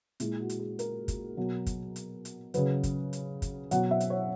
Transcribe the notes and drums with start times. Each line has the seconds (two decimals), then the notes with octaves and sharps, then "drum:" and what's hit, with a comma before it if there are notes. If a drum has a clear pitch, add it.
0.20 A#2 G#3 E4, drum: hi-hat
0.40 F#4
0.49 drum: hi-hat
0.59 G#4
0.79 A#4, drum: hi-hat
1.08 drum: kick, hi-hat
1.37 B2 F#3
1.66 drum: kick, hi-hat
1.96 drum: hi-hat
2.25 drum: hi-hat
2.54 C#3 F#3 B4, drum: hi-hat
2.83 drum: kick, hi-hat
3.13 drum: hi-hat
3.42 drum: kick, hi-hat
3.71 B2 F#3 F#5, drum: hi-hat
3.91 E5
4.00 drum: hi-hat
4.10 C#5